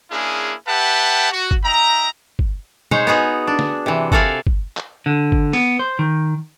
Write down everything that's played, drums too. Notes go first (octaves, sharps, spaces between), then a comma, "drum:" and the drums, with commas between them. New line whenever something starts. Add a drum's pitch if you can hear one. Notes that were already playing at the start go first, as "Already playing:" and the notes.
A#3 C#4 D4 E4 G#4
G4 B4 E5 F#5 G5 A5
F#4
drum: kick
D#4 E5 G5 A#5
drum: kick
G#3 D#4 C5 C#5, drum: tom B2
B3 D#4 F#4 G#4
D4
drum: snare
C3 E3
F#4 A4 A#4 D5 F5 G#5, drum: kick
drum: kick
drum: clap
D3
drum: kick
B3, drum: open hi-hat
C5
D#3